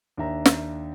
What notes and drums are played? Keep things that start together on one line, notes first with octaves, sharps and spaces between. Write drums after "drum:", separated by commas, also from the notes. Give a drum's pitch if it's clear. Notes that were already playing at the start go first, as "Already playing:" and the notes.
D#2 D4 E5 A#5
drum: snare